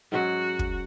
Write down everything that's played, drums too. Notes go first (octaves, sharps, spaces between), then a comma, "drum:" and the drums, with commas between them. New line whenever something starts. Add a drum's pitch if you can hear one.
G#2 F#3 C#4 F#4
drum: kick